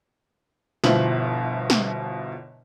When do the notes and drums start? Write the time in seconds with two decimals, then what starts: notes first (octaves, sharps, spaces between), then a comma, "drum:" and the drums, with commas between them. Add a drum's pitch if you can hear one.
0.84 G1 B2 F3 E4 F4 F#7, drum: snare
1.70 drum: snare